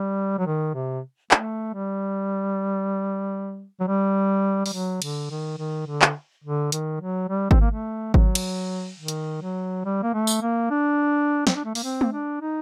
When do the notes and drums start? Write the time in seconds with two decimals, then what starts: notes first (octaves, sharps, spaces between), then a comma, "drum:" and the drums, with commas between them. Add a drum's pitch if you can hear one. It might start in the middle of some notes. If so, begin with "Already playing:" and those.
Already playing: G3
0.39 F#3
0.46 D#3
0.74 C3
1.31 A3, drum: clap
1.74 G3
3.80 F#3
3.88 G3
4.66 G3, drum: open hi-hat
4.73 F#3
5.02 D3, drum: cymbal
5.30 D#3
5.58 D#3
5.87 D3
6.02 drum: clap
6.44 D3
6.72 D#3, drum: hi-hat
7.00 F#3
7.29 G3
7.51 C4, drum: kick G#1
7.61 A#3
7.71 A3
8.14 F#3, drum: kick G#1
8.35 drum: cymbal
8.99 D#3
9.08 drum: hi-hat
9.42 F#3
9.85 G3
10.03 A#3
10.13 A3
10.27 drum: tambourine
10.42 A#3
10.70 D4
11.47 C4, drum: snare
11.56 D4
11.65 A3
11.75 A#3, drum: open hi-hat
11.84 C4
12.01 drum: tom G#3
12.12 D4
12.41 D#4